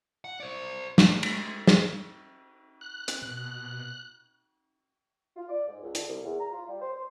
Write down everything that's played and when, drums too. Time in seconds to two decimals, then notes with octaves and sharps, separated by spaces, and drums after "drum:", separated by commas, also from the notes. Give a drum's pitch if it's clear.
0.24 F#5
0.40 C5 D5
0.98 G3 A3, drum: snare
1.23 drum: cymbal
1.36 G#3
1.67 drum: snare
2.81 F#6
3.08 C4, drum: hi-hat
3.22 B2
5.36 F4
5.49 D5
5.68 G#2
5.83 C#2
5.95 D3, drum: hi-hat
6.08 C2
6.24 E2
6.40 A#5
6.52 F4
6.68 G3
6.81 C5
6.93 C5